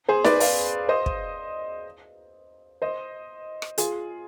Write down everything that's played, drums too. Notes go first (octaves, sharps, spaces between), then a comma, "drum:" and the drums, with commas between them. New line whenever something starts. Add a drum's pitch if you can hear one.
G#4 C5
B4 D5, drum: snare D#4
D5 F5, drum: open hi-hat
C5 D#5
drum: kick
C5 D#5
drum: rim click
F4 G#4, drum: hi-hat